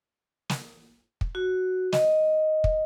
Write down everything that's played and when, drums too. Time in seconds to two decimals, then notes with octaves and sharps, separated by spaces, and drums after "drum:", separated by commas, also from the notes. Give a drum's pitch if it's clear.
0.50 drum: snare
1.21 drum: kick
1.35 F#4
1.93 D#5, drum: snare
2.64 drum: kick